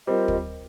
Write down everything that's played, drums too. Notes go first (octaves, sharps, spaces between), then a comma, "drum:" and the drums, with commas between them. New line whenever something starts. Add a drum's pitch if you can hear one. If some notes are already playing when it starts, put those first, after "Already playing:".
G3 C4 F4 A#4 D#5
drum: kick